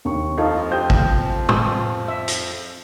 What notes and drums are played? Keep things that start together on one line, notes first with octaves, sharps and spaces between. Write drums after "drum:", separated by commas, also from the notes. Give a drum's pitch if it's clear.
D#2 C#6
F2 F3 D#4 F4 A4
G4 C5 G5 D#6 G6
drum: kick
drum: tom
E5
drum: hi-hat